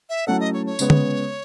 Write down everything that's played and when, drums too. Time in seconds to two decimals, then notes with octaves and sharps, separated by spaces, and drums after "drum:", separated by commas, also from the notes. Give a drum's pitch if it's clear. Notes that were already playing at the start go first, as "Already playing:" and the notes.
0.09 E5
0.27 F#3 A3 C#4 E4 A4 F#5
0.40 D#5
0.53 C#5
0.66 C#5
0.79 C#3 G#3 B3, drum: tambourine
0.90 drum: tom D3